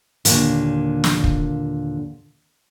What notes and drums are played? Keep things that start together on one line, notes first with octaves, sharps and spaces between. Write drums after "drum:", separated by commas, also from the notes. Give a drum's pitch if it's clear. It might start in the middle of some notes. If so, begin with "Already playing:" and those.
D#2 A#2 D3, drum: hi-hat
drum: snare
drum: kick